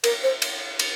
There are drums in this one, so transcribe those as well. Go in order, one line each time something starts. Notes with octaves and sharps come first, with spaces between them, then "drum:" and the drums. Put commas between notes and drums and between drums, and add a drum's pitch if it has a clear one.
A#4, drum: cymbal
C5
drum: cymbal
drum: cymbal